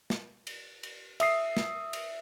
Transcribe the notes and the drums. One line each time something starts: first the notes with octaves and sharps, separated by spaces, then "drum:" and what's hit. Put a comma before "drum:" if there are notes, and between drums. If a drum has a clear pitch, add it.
drum: snare
drum: cymbal
drum: cymbal
E5 D#6 C7, drum: cymbal
drum: snare
drum: cymbal